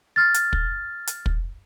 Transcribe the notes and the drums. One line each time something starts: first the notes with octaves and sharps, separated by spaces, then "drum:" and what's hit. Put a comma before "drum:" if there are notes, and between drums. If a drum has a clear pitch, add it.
F6 A6
drum: hi-hat
drum: kick
drum: hi-hat
drum: kick